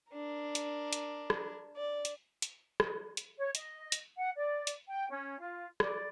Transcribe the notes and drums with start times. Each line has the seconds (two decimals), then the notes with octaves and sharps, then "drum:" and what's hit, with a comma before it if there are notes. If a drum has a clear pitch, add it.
0.13 D4 A#4
0.55 drum: hi-hat
0.93 drum: hi-hat
1.30 drum: rim click
1.77 D5
2.05 drum: hi-hat
2.42 drum: hi-hat
2.80 drum: rim click
3.17 drum: hi-hat
3.37 C#5
3.55 D#5, drum: hi-hat
3.92 drum: hi-hat
4.16 F#5
4.36 D5
4.67 drum: hi-hat
4.85 G5
5.08 C#4
5.38 F4
5.80 D5, drum: rim click